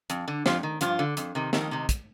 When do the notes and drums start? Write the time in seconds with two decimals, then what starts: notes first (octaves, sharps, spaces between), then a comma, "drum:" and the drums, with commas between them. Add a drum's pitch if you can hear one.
0.10 F2, drum: hi-hat
0.28 D3
0.46 F2 F3 F4, drum: snare
0.63 D#3
0.81 G2 F3 F4, drum: hi-hat
0.99 D3
1.17 F2, drum: hi-hat
1.35 C3 D#3
1.53 F2 D#3 D#4, drum: snare
1.71 C3 D#3
1.89 drum: kick, hi-hat